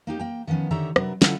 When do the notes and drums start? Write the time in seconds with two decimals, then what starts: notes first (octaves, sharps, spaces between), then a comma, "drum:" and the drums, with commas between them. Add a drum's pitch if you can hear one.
0.07 A#3 D#4 G4
0.19 A#3 G5
0.47 D#3 F3 B3 C#4
0.71 D3 D#3 G4 C#5 E5 A#5
0.96 C3 F#3 D4 A#4 B4, drum: rim click
1.22 D3 F#3 C#4 E4 F4 A4, drum: snare